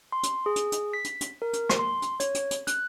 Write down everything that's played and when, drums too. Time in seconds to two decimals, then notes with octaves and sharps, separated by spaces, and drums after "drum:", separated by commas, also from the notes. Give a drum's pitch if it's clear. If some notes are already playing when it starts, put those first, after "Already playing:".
0.12 C6
0.23 drum: hi-hat
0.46 G#4
0.56 drum: hi-hat
0.72 drum: hi-hat
0.93 B6
1.04 drum: hi-hat
1.21 drum: hi-hat
1.42 A#4
1.53 drum: hi-hat
1.70 drum: rim click
1.79 C6
2.02 drum: hi-hat
2.20 C#5, drum: hi-hat
2.35 drum: hi-hat
2.51 drum: hi-hat
2.67 F#6, drum: hi-hat